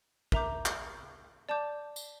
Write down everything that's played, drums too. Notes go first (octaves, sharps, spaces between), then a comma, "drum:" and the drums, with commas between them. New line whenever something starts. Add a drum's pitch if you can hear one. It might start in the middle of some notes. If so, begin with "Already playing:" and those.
A#4 E5 A#5 D6 G6, drum: kick
drum: clap
D5 A5 D6 G6
drum: tambourine